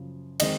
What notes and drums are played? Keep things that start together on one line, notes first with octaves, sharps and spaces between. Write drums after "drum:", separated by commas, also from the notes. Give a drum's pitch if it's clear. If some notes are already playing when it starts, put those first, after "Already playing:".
Already playing: F#2 C#3 F3
D#3 G#3 C4 D#5, drum: cymbal